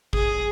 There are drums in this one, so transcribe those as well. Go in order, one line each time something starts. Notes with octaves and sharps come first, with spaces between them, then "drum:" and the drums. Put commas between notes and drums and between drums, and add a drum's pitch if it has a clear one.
G#4, drum: kick G#1